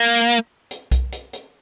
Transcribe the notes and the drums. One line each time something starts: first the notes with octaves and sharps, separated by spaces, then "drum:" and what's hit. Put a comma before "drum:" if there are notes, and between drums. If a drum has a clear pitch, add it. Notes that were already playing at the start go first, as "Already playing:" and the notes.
Already playing: A#3
drum: hi-hat
drum: kick B1, hi-hat
drum: hi-hat
drum: hi-hat